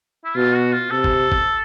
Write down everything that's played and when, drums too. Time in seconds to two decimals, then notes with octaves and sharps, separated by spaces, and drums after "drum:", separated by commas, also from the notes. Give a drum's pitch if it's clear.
0.25 E4
0.36 B2 F4
0.55 F#4
0.73 F4
0.91 C3 A4
1.04 drum: kick
1.32 drum: kick